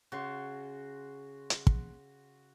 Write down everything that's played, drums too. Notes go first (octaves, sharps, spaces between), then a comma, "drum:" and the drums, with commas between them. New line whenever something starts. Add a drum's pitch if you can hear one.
C#3 F#4 C6
drum: hi-hat
drum: kick